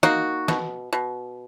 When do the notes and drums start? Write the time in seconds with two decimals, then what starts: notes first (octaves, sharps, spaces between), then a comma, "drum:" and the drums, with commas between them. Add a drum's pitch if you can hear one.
0.03 A#3 D#4 F#4, drum: snare
0.48 B2, drum: snare
0.93 B2